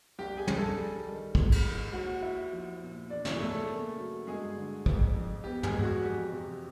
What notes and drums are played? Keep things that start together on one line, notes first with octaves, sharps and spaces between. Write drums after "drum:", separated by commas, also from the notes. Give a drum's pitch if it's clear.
C2 G4 G5
G#4 G#5
C2, drum: tom
A4 A5
G3
D#3
G#3, drum: kick
drum: cymbal
D#3
D#2 F#4 F#5
D#2 E4 E5
F3
A#2
E2 D4 D5
C#4 C#5, drum: snare
C#3 A3 A4
A3 A4
A#3
F#3
G2 G#3 G#4
D3
F2, drum: kick
F2
B3 G4
G#3 G#4, drum: tom
E2
F#4
F2 G4
C3